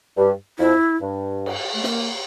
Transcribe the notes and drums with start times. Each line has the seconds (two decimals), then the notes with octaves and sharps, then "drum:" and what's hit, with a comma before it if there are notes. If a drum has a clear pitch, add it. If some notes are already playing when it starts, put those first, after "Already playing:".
0.18 G2 G4
0.59 F2 E4
1.01 G2
1.46 drum: cymbal
1.74 A3
1.84 A#3, drum: snare